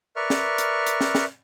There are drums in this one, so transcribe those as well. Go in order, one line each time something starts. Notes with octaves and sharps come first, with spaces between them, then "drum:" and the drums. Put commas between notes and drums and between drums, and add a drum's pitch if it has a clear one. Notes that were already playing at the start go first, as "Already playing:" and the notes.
A#4 B4 D5 E5 C#6 F6
drum: snare
drum: hi-hat
drum: hi-hat
drum: snare
drum: snare